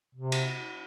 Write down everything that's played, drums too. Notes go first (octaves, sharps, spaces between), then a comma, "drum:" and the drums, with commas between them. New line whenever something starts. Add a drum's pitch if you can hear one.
C3
drum: cymbal